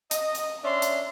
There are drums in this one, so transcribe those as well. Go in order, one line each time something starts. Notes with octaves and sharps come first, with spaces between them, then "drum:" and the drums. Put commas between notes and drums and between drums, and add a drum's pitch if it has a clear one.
D#5, drum: hi-hat
drum: hi-hat
C#4 D4 E5 C6
drum: hi-hat